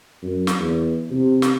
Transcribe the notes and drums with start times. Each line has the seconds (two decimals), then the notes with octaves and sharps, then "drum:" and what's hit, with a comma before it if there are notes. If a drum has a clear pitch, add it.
0.23 F#2
0.47 drum: snare
0.59 E2
1.10 C3
1.42 drum: snare